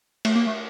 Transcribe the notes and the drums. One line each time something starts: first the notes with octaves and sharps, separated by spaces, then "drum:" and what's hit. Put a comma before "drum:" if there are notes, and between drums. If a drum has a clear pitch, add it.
A3, drum: cymbal
A#3
A3